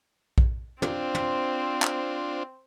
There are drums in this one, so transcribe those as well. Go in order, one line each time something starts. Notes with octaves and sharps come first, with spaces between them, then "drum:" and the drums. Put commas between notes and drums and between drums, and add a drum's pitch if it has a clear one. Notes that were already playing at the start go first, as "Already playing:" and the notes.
drum: kick A#1
C4 D4 F4 C5, drum: tom
drum: tom
drum: clap